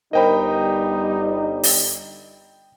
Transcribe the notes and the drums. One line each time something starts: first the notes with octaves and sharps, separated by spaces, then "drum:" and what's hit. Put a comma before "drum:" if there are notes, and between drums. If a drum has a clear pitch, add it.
G1 G3 D#4 A#4 C5 D#5 G5 B5
drum: open hi-hat